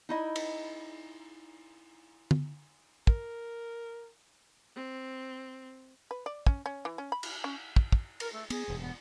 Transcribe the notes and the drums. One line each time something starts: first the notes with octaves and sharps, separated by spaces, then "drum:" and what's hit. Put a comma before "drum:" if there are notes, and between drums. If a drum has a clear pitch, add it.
D#4 E4 D#5
drum: cymbal
drum: tom D3
A#4, drum: kick
C4
B4
D5
C#4, drum: kick
C#4
E3
C#4
B5
drum: cymbal
C#4
drum: kick
drum: kick
A#4, drum: cymbal
A3
B3 G#4, drum: cymbal
E1 G2
B3